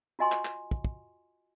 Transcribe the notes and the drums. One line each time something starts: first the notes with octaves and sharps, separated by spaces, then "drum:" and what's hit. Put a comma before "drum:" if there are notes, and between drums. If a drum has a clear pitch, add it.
F4 F#4 D#5 G#5 C6 C#6
drum: clap
drum: clap
drum: kick
drum: kick